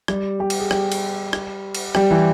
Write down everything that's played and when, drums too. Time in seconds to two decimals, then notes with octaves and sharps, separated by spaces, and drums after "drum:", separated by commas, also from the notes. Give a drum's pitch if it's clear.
0.08 G3 G4, drum: rim click
0.40 G3 G4
0.50 drum: cymbal
0.59 G#4
0.71 G3 G4, drum: rim click
0.92 drum: cymbal
1.33 drum: rim click
1.75 drum: cymbal
1.95 G3 G4, drum: rim click
2.11 E3 E4